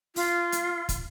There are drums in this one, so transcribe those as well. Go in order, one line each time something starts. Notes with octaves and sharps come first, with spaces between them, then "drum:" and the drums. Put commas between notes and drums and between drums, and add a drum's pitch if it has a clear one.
F4, drum: open hi-hat
drum: hi-hat
drum: kick, hi-hat